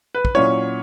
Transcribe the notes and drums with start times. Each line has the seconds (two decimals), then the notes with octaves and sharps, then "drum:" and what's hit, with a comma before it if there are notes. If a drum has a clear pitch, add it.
0.15 B4
0.25 drum: kick
0.35 A#2 F#3 C#4 E4 C#5